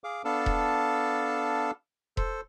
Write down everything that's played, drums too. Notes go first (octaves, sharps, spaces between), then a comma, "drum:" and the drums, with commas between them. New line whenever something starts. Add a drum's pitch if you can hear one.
G#4 F5 D6
B3 D4 A4 F5 A5
drum: kick E1
A4 C5, drum: kick E1